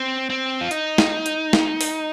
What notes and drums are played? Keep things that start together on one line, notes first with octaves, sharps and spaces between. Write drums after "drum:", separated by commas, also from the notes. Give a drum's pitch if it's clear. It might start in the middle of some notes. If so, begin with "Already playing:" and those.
Already playing: C4
C4
F4
D#4, drum: hi-hat
drum: snare
drum: hi-hat
drum: snare
drum: open hi-hat